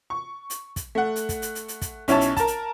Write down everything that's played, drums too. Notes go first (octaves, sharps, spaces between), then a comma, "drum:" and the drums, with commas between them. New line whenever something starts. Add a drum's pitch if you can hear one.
C#6
drum: hi-hat
drum: kick, hi-hat
A3 F#5
drum: hi-hat
drum: kick, hi-hat
drum: hi-hat
drum: hi-hat
drum: hi-hat
drum: kick, hi-hat
B1 C#4 E4 C#5 A5, drum: hi-hat
drum: hi-hat
A#4 A5, drum: kick, hi-hat
drum: hi-hat